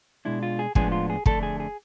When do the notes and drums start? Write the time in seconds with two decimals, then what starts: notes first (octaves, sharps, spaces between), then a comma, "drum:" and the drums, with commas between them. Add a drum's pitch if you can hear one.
0.25 B2 G#3 D4 E4
0.43 F4
0.59 G#4
0.75 A2 F3 G#3 B3 D4 G#4, drum: kick
0.92 F4
1.10 G#4
1.26 F2 D3 A3 D4 A4, drum: kick
1.43 G#4
1.60 G#4